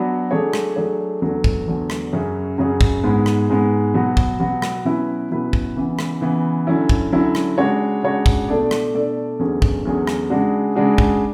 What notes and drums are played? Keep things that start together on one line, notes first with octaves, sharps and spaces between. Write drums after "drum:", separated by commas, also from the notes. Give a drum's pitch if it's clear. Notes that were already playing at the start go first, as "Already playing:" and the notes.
Already playing: F#3 B3 D4 F#4
F#3 A3 D4 G#4 C#5
drum: rim click
F#3 A3 D4 G#4 C#5
E2 D3 F#3 A3
drum: kick
E2 D3 F#3 A3
drum: rim click
F#2 C#3 F#3 C#4 G#4
F#2 C#3 F#3 C#4 G#4
drum: kick
G#2 G#3 B3
drum: rim click
G#2 G#3 B3
B2 F#3 B3 F#4
drum: kick
B2 F#3 B3 F#4
drum: rim click
B2 F#3 C#4 E4 B4
B2 F#3 C#4 E4 B4
drum: kick
C#3 E3 B3
drum: rim click
C#3 E3 B3
D3 F#3 C#4 E4
drum: kick
D3 F#3 C#4 E4
drum: rim click
C#3 G#3 D4 F#4 C#5
C#3 G#3 D4 F#4 C#5
drum: kick
B2 A3 D4 A4 D5
drum: rim click
B2 A3 D4 A4 D5
E2 D3 F#3 C#4 G#4
drum: kick
E2 D3 F#3 C#4 G#4
drum: rim click
C#3 G#3 D4 F#4
C#3 G#3 D4 F#4
drum: kick